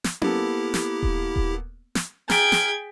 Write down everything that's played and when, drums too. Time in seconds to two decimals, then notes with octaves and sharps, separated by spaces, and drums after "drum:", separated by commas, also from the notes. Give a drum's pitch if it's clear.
0.04 drum: snare
0.22 A#3 B3 E4 G4 A4, drum: tom C#4
0.74 drum: snare
1.03 drum: kick D#1
1.36 drum: kick D#1
1.95 drum: snare
2.30 G#4 G5 A#5 F6 G#6 A6 B6, drum: snare
2.52 drum: snare